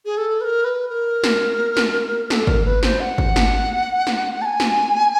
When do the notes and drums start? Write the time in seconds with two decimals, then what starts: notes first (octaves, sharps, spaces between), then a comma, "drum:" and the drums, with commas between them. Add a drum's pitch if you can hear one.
0.05 G#4
0.17 A4
0.41 B4
0.44 A#4
0.64 B4
0.89 A#4
1.24 drum: snare
1.77 drum: snare
2.30 A4, drum: snare
2.47 A#4, drum: kick
2.65 B4
2.83 C5, drum: snare
3.00 F#5
3.18 drum: kick
3.36 drum: snare
4.07 drum: snare
4.42 A5
4.45 G#5
4.60 drum: snare